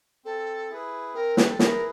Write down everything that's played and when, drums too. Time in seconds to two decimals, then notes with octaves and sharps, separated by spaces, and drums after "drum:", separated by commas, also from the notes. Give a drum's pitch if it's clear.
0.25 C4 A4
0.70 E4 G#4 B4
1.14 C4 A#4
1.37 B4, drum: snare
1.51 A4
1.59 E4 G#4 A#4 B4, drum: snare